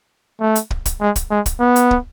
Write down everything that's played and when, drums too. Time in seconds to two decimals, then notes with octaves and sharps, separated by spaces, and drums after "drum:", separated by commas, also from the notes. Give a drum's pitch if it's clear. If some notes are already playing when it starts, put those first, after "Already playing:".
0.41 A3
0.55 drum: hi-hat
0.71 drum: kick
0.86 drum: kick, hi-hat
1.01 G#3
1.16 drum: kick, hi-hat
1.31 G#3
1.46 drum: kick, hi-hat
1.60 B3
1.76 drum: hi-hat
1.91 drum: kick